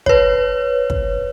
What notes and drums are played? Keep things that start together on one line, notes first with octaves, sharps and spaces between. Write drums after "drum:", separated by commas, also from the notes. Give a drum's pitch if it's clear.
B4 C#5, drum: kick
drum: kick